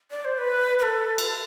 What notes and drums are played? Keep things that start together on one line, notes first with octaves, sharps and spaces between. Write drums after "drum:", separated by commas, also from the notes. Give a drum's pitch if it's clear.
D5
C5
B4
B4
A4
drum: cymbal